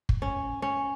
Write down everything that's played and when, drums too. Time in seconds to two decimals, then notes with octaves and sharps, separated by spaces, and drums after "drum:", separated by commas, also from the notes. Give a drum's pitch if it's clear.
0.09 drum: kick
0.22 C#4
0.62 C#4